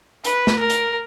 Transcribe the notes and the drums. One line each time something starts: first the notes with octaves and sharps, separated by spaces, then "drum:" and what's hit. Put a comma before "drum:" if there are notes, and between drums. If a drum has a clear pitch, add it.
B4, drum: hi-hat
drum: snare
A#4
drum: hi-hat